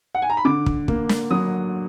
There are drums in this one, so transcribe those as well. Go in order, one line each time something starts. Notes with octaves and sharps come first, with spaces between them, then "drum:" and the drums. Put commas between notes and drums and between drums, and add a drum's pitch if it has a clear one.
F#5
G#5
A#5
B5
D3 D6
drum: kick
A#3, drum: kick
drum: snare
F#3 D#6